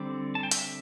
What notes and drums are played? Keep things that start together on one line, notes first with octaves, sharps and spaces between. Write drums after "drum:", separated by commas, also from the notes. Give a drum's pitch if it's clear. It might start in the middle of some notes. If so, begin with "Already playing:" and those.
Already playing: D3 G3 C4 D5
A5
G5
E5, drum: hi-hat